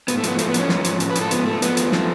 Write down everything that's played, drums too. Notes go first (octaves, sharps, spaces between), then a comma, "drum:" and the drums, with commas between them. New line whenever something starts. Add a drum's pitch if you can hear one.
G#2 B3, drum: hi-hat
A3
F3 B3, drum: hi-hat
A2 A3, drum: hi-hat
B3
F3 C#4, drum: hi-hat
G#2, drum: snare
F3, drum: hi-hat
A2, drum: hi-hat
B4
F3, drum: hi-hat
A4
G#2 B3, drum: hi-hat
F3 A3
F3 B3, drum: hi-hat
F2, drum: hi-hat
F3 A3, drum: snare